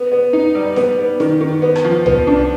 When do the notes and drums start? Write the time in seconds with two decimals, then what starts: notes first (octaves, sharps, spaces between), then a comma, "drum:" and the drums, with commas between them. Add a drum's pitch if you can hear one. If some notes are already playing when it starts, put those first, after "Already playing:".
Already playing: B3
0.12 B3
0.33 D#4
0.55 G3
0.76 B3, drum: snare E4
0.98 B3
1.20 D#3, drum: snare E4
1.41 D#3
1.62 B3
1.76 drum: rim click
1.85 F3
2.06 B3, drum: tom
2.27 D4